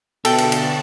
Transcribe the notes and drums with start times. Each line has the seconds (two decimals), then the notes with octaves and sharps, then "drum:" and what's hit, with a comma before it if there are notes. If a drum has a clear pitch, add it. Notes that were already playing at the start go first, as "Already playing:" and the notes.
0.25 B2 D3 A4 E5 G5 A5, drum: cymbal
0.38 drum: cymbal
0.52 drum: cymbal